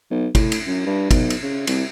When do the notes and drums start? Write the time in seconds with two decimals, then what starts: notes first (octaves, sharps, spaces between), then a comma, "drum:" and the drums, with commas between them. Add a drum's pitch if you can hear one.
0.11 B1
0.35 A2, drum: kick, cymbal
0.52 drum: cymbal
0.67 F#2
0.86 G2
1.11 B1, drum: kick, cymbal
1.30 drum: cymbal
1.43 C#3
1.67 C2, drum: cymbal